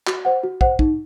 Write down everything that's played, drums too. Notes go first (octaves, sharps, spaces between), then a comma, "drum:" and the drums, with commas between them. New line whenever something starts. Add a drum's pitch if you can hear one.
F#4, drum: clap
C5 F#5
F#4
C5 F#5, drum: kick
D#4, drum: kick